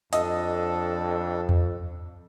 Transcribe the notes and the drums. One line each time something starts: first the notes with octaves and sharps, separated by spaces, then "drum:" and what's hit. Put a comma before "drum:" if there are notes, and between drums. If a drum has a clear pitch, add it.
F2 D4 A4 D#5, drum: hi-hat
drum: tom E2